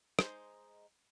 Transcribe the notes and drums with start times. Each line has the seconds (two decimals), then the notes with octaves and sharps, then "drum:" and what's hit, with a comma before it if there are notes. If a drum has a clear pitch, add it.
0.19 G#3 D#4 C5, drum: rim click